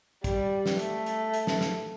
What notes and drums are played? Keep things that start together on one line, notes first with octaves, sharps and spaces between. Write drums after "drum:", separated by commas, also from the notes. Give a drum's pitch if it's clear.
G3, drum: kick, hi-hat
drum: snare
A3, drum: hi-hat
drum: hi-hat
drum: hi-hat
drum: snare
drum: snare